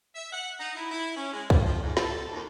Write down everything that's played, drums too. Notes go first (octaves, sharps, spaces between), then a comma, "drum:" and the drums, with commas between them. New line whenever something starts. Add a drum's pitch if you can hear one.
E5
F#5
D#4
E4
E4
C#4
G#3
G3, drum: kick
F3
G#2
A4, drum: snare
D#2